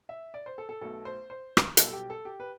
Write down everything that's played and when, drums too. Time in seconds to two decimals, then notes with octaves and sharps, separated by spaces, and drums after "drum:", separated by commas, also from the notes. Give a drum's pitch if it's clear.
0.09 E5
0.34 D5
0.46 C5
0.58 A4
0.69 A4
0.81 B1 B2 A3 A4
1.05 C5
1.30 C5
1.57 drum: rim click
1.77 B1 B2 G3 A4, drum: hi-hat
1.88 A4
1.93 G4
2.10 A4
2.25 G4
2.40 B4